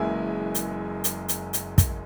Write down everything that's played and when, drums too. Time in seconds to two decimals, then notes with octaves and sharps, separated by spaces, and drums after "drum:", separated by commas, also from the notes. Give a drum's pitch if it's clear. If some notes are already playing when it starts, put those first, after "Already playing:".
Already playing: F#1 F#2 E3 G#3 E5 G#5
0.55 drum: hi-hat
1.04 drum: hi-hat
1.28 drum: hi-hat
1.53 drum: hi-hat
1.78 drum: kick, hi-hat